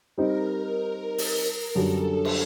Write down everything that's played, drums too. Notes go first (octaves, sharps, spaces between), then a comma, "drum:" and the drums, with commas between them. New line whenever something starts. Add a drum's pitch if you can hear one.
G3 C4 D#4 A#4
drum: open hi-hat
F#2 D3 G3 D4 F#4 A4
drum: cymbal